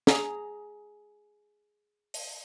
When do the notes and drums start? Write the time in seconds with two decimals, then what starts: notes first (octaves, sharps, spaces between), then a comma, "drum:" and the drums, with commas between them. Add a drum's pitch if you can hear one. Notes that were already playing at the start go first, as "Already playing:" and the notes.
0.07 G#4 A#5, drum: snare
2.14 drum: open hi-hat